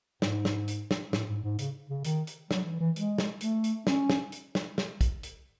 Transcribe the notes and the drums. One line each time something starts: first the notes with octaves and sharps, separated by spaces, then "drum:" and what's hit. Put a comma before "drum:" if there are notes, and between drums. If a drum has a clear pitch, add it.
G#2, drum: snare
drum: snare
drum: hi-hat
drum: snare
A2, drum: snare
G#2
G#2
C#3, drum: hi-hat
C#3
D#3, drum: hi-hat
drum: hi-hat
F#3, drum: snare
E3
E3
G#3, drum: hi-hat
drum: snare
A3, drum: hi-hat
drum: hi-hat
C#4, drum: snare
drum: snare
drum: hi-hat
drum: snare
drum: snare
drum: kick, hi-hat
drum: hi-hat